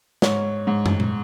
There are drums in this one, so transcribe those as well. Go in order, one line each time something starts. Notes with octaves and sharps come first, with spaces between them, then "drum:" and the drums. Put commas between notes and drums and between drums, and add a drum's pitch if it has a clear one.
G#2 C#5, drum: snare
G#2
drum: tom
drum: tom